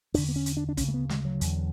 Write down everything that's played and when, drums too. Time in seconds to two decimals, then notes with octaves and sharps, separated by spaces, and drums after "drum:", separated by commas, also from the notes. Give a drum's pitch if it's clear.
0.14 E2 D3 D4, drum: open hi-hat
0.28 B3
0.36 C#4
0.46 drum: hi-hat
0.57 D4
0.69 D4
0.77 D2 C#3 C#4, drum: kick, hi-hat
0.88 A3
0.94 B3
1.09 G#3, drum: snare
1.25 F#3
1.41 E2 D3, drum: hi-hat